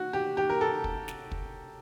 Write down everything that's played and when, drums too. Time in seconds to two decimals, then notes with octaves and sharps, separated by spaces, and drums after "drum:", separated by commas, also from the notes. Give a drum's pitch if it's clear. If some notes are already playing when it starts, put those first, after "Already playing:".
Already playing: F#4
0.13 G4
0.37 G4
0.50 A#4
0.61 A4
0.84 drum: kick
1.08 drum: snare
1.32 drum: kick